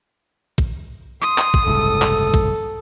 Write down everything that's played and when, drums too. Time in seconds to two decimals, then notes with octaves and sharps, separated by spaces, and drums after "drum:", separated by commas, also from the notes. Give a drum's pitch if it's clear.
0.58 drum: kick
1.22 C6 D#6
1.38 drum: clap
1.54 drum: kick
1.67 F#1 C2 G#2 A4
2.02 drum: clap
2.34 drum: kick